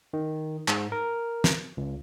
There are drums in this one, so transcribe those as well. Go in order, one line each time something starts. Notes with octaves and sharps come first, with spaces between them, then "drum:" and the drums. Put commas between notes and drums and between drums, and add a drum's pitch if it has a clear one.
D#3
G#2, drum: clap
A#4
drum: snare
C#2